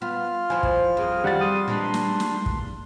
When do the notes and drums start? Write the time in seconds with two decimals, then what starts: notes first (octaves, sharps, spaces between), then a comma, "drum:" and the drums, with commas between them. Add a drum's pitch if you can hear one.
0.02 B3 F4 F6
0.50 F3 C4 E4 G#5
0.63 drum: kick
0.97 F2 G#4
1.24 G3 F#5 A6
1.41 C6 D#6
1.68 A#2 E3 G#3 D4
1.94 drum: snare
2.20 drum: snare
2.46 drum: kick